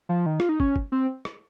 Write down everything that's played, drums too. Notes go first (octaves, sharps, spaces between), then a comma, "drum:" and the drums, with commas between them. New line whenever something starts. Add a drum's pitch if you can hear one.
F3
D#3
F4, drum: rim click
D#4
C#4, drum: kick
drum: kick
C4
drum: rim click